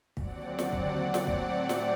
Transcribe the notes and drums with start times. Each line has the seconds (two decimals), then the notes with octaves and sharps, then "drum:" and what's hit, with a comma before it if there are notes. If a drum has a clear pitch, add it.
0.17 D#2 D3 F#3 C4 D5 F#5, drum: kick
0.59 drum: snare
0.72 drum: kick
1.14 drum: snare
1.27 A2 F#3 A3 C4 D5 F#5, drum: kick
1.69 drum: snare